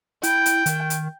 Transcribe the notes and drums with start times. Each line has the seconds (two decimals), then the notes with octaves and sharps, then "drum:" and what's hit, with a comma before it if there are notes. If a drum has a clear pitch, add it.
0.23 E4 G5, drum: hi-hat
0.46 drum: hi-hat
0.66 D#3, drum: hi-hat
0.90 drum: hi-hat